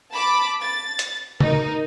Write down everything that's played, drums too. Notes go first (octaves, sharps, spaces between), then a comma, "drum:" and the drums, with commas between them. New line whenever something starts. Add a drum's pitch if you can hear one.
A5 B5 D6
A6
drum: hi-hat
D#4 A#4, drum: tom C#3